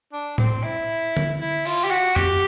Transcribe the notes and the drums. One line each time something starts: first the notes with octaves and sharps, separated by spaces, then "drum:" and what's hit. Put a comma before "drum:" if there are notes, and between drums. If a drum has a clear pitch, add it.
D4
C4, drum: tom A2
E4
drum: tom D3
E4
F4, drum: cymbal
G4
F#4
G4, drum: tom F2